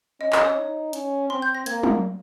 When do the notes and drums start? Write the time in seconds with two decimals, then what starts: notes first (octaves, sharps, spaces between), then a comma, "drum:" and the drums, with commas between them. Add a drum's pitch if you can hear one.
0.20 C#4 D#5
0.33 D#5, drum: clap
0.45 C#5
0.58 D#4
0.93 C#4, drum: hi-hat
1.30 C4 C6
1.42 G6
1.55 A#6
1.66 A#3 G#6, drum: hi-hat
1.83 drum: tom